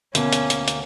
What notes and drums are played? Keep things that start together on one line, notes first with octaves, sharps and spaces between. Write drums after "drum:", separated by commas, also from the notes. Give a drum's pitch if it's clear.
D2 B2 A#3 C#4, drum: hi-hat
drum: hi-hat
drum: hi-hat
drum: hi-hat